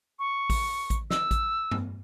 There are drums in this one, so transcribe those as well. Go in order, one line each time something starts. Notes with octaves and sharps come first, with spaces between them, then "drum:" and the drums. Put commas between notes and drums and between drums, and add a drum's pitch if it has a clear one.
C#6
drum: kick A1, open hi-hat
drum: kick A1, hi-hat
E6, drum: snare
drum: kick A1, hi-hat
drum: tom G2